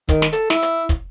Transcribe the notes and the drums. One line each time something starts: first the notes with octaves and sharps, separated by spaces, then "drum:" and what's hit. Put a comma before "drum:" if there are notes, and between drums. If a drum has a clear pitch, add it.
D#3, drum: kick, hi-hat
drum: snare
A4, drum: hi-hat
E4, drum: snare
drum: hi-hat
drum: kick, hi-hat